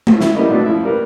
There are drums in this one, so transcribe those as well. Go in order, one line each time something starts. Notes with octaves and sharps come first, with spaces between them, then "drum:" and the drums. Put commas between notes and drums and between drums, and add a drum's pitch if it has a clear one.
drum: tom G#3
E4, drum: snare
G3 A3 B3 E4 A#4 D#5
B2 D#3 A3 B3 D4
F3 E4 E5
G3 A#4 B4